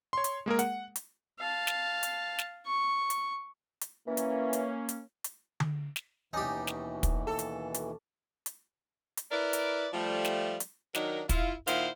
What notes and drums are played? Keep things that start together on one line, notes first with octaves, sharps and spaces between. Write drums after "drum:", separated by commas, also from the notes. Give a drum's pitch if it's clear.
C#5 C6
drum: hi-hat
G#3 A#3 G#4 A#4
F#5, drum: hi-hat
drum: hi-hat
F5 A5
drum: snare
drum: hi-hat
drum: snare
C#6
drum: hi-hat
drum: hi-hat
E3 A#3 C#4
drum: hi-hat
drum: hi-hat
drum: hi-hat
drum: hi-hat
drum: tom D3
drum: snare
D#2 B2 E3 C#4 D#4 G4 D5
drum: snare
drum: kick, hi-hat
A4
drum: hi-hat
drum: hi-hat
drum: hi-hat
drum: hi-hat
E4 A#4 B4 D5
drum: hi-hat
F3 G3 A3
drum: snare
drum: hi-hat
D#3 F#3 D4 D#4 A#4, drum: snare
E4 F4, drum: kick, hi-hat
A#2 D#3 E4 C5 F5 F#5, drum: hi-hat